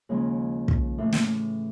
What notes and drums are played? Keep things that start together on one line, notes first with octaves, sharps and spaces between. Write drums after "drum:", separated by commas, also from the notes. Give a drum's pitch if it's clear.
D#2 C#3 F3 G#3
drum: kick
A2 E3 A3
drum: snare